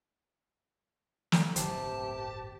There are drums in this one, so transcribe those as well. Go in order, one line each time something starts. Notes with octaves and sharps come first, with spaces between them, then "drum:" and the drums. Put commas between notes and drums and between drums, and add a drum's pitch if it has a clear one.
drum: snare
D1 G1 F2 C3 G4 A5, drum: hi-hat